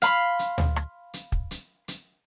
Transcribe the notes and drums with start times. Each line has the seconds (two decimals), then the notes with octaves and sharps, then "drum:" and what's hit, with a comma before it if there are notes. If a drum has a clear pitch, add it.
0.02 F5 B5 C6, drum: hi-hat
0.39 drum: hi-hat
0.58 drum: tom D2
0.76 drum: rim click
1.14 drum: hi-hat
1.32 drum: kick
1.51 drum: hi-hat
1.88 drum: hi-hat